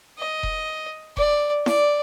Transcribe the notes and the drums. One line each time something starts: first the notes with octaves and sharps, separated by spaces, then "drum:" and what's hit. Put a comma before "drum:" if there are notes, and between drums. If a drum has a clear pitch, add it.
D#5
drum: kick E1
D5, drum: kick E1
D5, drum: snare E4